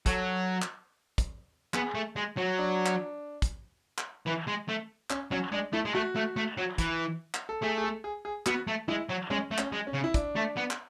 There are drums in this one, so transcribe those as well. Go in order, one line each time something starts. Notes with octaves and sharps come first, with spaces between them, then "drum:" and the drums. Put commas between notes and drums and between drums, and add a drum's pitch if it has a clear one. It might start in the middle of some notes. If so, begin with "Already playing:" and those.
F#3 A4, drum: kick, hi-hat
drum: clap
drum: kick, hi-hat
B3 G#4, drum: clap
A3
G#3
F#3
D4
drum: clap
drum: kick, hi-hat
drum: clap
E3
G#3
A3
C#4, drum: clap
F#3 C#4
G#3 D4
A3 E4
G#3
A3 F#4
A3
A3
F#3
E3, drum: kick, hi-hat
drum: clap
A4
A3 G#4
G#4
A4
G#4
G#4
B3 F#4, drum: clap
A3
G#3 E4
F#3
G#3 C#4
A3
C#4, drum: clap
G#3
C#4
C#3
E4
D4, drum: kick, hi-hat
A3
B3
drum: clap